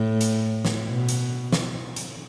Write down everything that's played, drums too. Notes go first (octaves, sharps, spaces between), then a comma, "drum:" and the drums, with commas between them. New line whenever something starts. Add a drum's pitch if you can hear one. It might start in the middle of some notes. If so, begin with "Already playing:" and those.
Already playing: A2
drum: hi-hat
drum: snare
B2
drum: hi-hat
drum: snare
drum: hi-hat